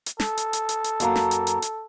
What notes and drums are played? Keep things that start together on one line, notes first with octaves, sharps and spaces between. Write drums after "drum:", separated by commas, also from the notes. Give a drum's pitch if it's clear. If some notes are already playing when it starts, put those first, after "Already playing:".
drum: hi-hat
A4, drum: snare
drum: hi-hat
drum: hi-hat
drum: hi-hat
drum: hi-hat
F#2 A#3 A#5, drum: hi-hat
drum: snare
drum: hi-hat
drum: hi-hat
drum: hi-hat